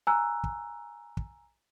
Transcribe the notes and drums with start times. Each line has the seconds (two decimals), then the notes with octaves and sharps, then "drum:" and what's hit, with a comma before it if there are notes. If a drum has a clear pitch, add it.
0.07 G#5 A#5 E6 F#6
0.44 drum: kick
1.17 drum: kick